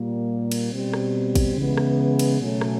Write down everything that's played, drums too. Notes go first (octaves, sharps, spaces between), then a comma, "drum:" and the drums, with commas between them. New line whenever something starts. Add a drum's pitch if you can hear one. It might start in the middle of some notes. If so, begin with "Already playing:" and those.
Already playing: A#2 G3 A#3
drum: cymbal
B2 G3 C4
drum: rim click
drum: kick, cymbal
C#3 E3 G#3 B3
drum: rim click
drum: cymbal
B2 F#3 A3 C#4
drum: rim click